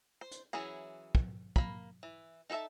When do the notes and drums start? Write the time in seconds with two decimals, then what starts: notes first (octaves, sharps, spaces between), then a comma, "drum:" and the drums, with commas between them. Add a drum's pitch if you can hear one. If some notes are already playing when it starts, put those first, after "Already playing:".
0.21 C5
0.31 drum: hi-hat
0.53 E3 F#3 C#4 E4 G#4
1.15 drum: kick
1.56 A#3 B5, drum: kick
2.03 E3
2.50 D#4 A4 B4 E5 A5